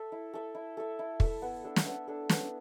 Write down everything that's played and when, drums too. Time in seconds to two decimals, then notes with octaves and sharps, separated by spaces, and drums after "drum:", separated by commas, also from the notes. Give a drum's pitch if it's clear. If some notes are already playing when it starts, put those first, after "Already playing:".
Already playing: A4 E5
0.12 E4
0.33 A4 E5
0.55 E4
0.77 A4 E5
0.99 E4
1.20 A4 E5, drum: kick
1.42 B3
1.64 D4 A4
1.76 drum: snare
1.86 B3
2.08 D4 A4
2.30 B3, drum: snare